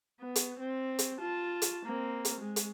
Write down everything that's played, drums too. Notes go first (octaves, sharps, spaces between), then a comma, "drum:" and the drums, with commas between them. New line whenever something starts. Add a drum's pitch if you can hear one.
B3
drum: hi-hat
C4
drum: hi-hat
F4 A5
drum: hi-hat
A#3 C4
drum: hi-hat
G#3
drum: hi-hat